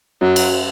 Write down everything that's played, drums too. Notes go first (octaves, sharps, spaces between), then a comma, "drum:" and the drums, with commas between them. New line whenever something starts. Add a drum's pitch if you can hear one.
F#2 F#3
drum: cymbal